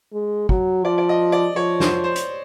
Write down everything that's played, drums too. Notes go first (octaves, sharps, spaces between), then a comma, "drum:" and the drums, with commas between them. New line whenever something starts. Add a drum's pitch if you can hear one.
G#3
F#3, drum: kick
F3 D5
D5
D#5
D5
F3 C#5
C5, drum: snare
C5
drum: hi-hat